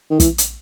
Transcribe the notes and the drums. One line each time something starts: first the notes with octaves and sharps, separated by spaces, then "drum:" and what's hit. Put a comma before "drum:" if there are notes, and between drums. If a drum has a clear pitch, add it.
D#3
E3, drum: kick, hi-hat
drum: hi-hat